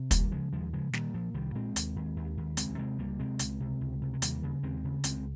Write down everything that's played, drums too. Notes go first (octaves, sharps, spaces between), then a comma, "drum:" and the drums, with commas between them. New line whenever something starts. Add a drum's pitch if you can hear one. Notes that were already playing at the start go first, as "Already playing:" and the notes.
Already playing: C3
D#2 G3 A#3, drum: kick, hi-hat
C#3 F3 G#3
D#2 F3 G#3
C#3 F3 G#3
A#2 D#3 G3, drum: snare
A#2 F3
C2 D#3 G3
A#2 G#3 C4
D#2, drum: hi-hat
D#2
D#2
D#2
C#2 G#3 C4, drum: hi-hat
C3 G#3 C4
C#2 G3 A#3
C3 G#3 C4
C#2, drum: hi-hat
C3
C#2
C3
G#3
D#2 G3 A#3, drum: hi-hat
C#3
D#2 G#3 C4
C#3
C#2 G#3 C4, drum: hi-hat